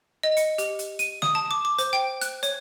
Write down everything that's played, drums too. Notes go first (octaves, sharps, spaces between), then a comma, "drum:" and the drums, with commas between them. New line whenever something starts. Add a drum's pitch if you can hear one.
D#5
C#7, drum: hi-hat
G4, drum: hi-hat
drum: hi-hat
D#7, drum: hi-hat
D#6, drum: snare
A5
D6
D6
C5, drum: hi-hat
G5
F#6, drum: hi-hat
C#5, drum: hi-hat